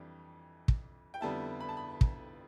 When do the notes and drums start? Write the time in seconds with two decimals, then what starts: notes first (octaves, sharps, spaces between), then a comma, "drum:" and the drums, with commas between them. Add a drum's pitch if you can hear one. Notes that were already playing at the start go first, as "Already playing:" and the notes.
Already playing: F2 E3 G3 D4
0.68 drum: kick
1.14 G5
1.21 F2 D3 G3 B3 E4 A5
1.60 B5
1.69 A5
1.77 B5
2.01 drum: kick